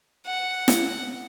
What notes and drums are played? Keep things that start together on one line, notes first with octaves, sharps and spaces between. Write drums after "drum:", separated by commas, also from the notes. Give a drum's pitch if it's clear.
F#5
drum: snare